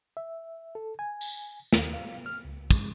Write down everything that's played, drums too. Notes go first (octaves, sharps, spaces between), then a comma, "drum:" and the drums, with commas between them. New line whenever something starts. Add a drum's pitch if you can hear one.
E5
A4
G#5
drum: tambourine
D#2, drum: snare
F5
F6
C#2
G#3, drum: kick, tambourine